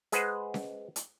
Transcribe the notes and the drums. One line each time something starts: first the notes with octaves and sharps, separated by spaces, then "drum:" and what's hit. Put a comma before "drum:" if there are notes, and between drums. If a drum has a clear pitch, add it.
G#3 G#4 B4 C5 F#5, drum: hi-hat
drum: snare C#4
drum: hi-hat